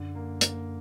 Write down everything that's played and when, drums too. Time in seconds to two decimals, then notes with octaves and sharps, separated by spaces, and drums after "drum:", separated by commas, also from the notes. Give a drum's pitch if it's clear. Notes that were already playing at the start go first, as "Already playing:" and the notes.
Already playing: F#2 D3
0.15 A#3
0.41 A#3, drum: hi-hat